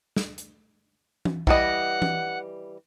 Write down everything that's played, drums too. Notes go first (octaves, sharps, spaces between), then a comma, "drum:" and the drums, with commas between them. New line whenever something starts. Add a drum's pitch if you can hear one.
drum: snare
drum: hi-hat
drum: tom E3
E3 G3 D#5 F#5, drum: kick
drum: tom E3